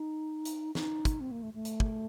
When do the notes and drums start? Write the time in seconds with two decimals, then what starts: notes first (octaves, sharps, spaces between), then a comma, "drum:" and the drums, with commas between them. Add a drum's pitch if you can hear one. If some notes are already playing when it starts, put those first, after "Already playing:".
Already playing: D#4
0.45 drum: hi-hat
0.75 D#4, drum: snare
1.05 drum: kick, hi-hat
1.20 C4
1.31 A#3
1.43 A3
1.54 A3
1.65 drum: hi-hat
1.80 drum: kick